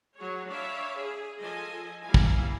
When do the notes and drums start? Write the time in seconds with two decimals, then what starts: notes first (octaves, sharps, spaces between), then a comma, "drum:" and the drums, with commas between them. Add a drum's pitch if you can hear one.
0.17 F#3 F#4 G#4 C#5
0.49 D4 C#5 D5 E5 F5 B5
0.98 G#4
1.40 F3 A4 D#5 G#5
2.03 G3 A#3 E4 F5 G#5
2.14 drum: kick